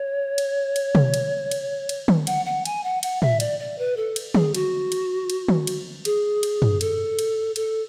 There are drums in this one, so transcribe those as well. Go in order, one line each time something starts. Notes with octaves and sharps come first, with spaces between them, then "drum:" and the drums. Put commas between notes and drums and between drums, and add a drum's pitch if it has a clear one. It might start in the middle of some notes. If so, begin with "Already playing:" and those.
Already playing: C#5
drum: cymbal
drum: cymbal
drum: tom
drum: cymbal
drum: cymbal
drum: cymbal
drum: tom
F#5, drum: cymbal
F#5
G#5, drum: cymbal
F#5
F#5, drum: cymbal
E5, drum: tom
D5, drum: cymbal
D5
B4
A4
drum: cymbal
G#4, drum: tom
F#4, drum: cymbal
drum: cymbal
drum: cymbal
drum: tom
drum: cymbal
G#4, drum: cymbal
drum: cymbal
drum: tom
A4, drum: cymbal
drum: cymbal
A4, drum: cymbal